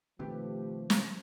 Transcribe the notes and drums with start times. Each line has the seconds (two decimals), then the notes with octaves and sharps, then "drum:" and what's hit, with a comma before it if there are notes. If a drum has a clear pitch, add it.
0.19 B2 D#3 F3 A3 C4 G4 B4
0.90 drum: snare